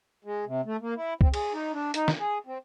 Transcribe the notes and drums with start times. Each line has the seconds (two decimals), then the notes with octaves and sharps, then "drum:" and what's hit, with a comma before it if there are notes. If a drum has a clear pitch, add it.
0.24 G#3
0.46 C3
0.65 A3
0.81 A#3
0.96 E4
1.21 C4, drum: kick C2
1.34 G#4, drum: cymbal
1.53 D#4
1.73 D4
1.94 D#4, drum: hi-hat
2.08 drum: snare
2.20 G#4
2.46 C4